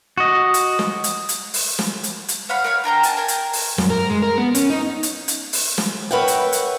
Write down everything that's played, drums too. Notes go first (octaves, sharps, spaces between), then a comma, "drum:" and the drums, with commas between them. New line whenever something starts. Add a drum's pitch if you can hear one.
F#4 D#5
drum: hi-hat
drum: snare
drum: hi-hat
drum: hi-hat
drum: open hi-hat
drum: snare
drum: hi-hat
drum: hi-hat
C#5 F5 F#5 B5
A#4 C#5 F5
D4 A#4 G5 A#5
G#5 A5, drum: hi-hat
A#4 G5 G#5
drum: hi-hat
drum: open hi-hat
F#2, drum: snare
A#4
G#3
A#4
B3
C#4, drum: hi-hat
D#4
drum: hi-hat
drum: hi-hat
drum: open hi-hat
drum: snare
A#4 B4 C#5 E5 F#5 G5
drum: hi-hat
drum: hi-hat